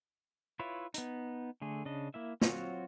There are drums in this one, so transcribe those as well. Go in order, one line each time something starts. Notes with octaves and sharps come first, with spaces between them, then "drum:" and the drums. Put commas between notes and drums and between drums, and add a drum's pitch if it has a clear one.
E4 F4 B4 C#5 E5
B3 D#4, drum: hi-hat
D3 A3 G#4
C#3 D4 D#5
A#3 E4 E5
F#3 C4 F4 F#4 C#5, drum: snare